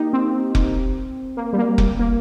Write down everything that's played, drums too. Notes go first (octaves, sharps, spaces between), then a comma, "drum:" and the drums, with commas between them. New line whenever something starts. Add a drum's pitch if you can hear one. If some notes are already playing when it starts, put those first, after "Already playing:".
Already playing: A#3 D#4 G4
C4
drum: kick F1
A#3
G3
A#3
G3, drum: kick F1
A#3